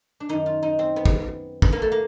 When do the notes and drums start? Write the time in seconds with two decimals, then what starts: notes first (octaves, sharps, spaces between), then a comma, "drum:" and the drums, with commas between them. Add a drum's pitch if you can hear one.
0.20 D4
0.29 F#2 D#3 D#4
0.46 F4
0.63 D#4
0.79 C4
0.96 B3
1.05 drum: kick
1.62 B3, drum: kick
1.72 A#3
1.82 A3
1.92 A#3